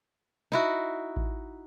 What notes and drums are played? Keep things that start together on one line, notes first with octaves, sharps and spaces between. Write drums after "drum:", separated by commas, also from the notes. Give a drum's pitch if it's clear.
D#4 E4 F#4
drum: kick A1